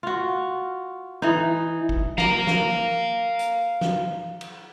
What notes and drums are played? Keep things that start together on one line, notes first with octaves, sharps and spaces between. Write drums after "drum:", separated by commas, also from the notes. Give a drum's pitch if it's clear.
F4 F#4
E3 D#4
drum: kick
F5 A#5, drum: snare
drum: snare
drum: hi-hat
drum: snare
drum: cymbal